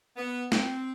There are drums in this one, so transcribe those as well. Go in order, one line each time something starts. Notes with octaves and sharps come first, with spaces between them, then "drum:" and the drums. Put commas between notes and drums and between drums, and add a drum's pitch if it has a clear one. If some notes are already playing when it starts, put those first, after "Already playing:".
B3
C4, drum: snare